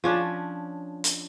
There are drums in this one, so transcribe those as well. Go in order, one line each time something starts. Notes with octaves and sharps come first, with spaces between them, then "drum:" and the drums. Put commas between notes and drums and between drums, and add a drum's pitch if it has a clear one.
F3 C#4 D4
drum: hi-hat